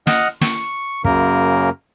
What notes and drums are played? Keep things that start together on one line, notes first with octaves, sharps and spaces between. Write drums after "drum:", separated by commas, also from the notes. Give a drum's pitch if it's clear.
D#5 F#5 F6, drum: snare
C#6, drum: snare
F#2 C#3 A#3 A#4, drum: kick